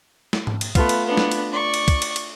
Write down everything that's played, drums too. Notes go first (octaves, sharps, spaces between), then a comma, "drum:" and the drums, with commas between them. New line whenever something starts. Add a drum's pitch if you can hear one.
drum: snare
drum: tom G#2
drum: cymbal
A3 B3 F4 F5, drum: kick, cymbal
drum: cymbal
B3 D4
drum: snare
drum: cymbal
D5 C#6
drum: cymbal
drum: kick, cymbal
drum: cymbal
drum: cymbal